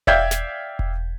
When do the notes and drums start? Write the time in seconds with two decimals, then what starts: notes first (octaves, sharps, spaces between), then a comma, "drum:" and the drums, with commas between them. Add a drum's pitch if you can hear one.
0.07 D5 E5 F5 G5 G6 G#6, drum: kick E1
0.31 drum: snare
0.79 drum: kick E1